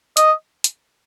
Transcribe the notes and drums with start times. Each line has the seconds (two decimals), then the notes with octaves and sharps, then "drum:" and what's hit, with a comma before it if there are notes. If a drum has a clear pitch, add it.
0.17 D#5, drum: hi-hat
0.64 drum: hi-hat